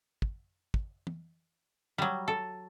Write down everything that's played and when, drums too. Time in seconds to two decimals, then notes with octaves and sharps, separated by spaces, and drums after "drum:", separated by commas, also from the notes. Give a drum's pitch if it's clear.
0.22 drum: kick
0.74 drum: kick
1.07 drum: tom E3
1.98 F#3 G3
2.28 A4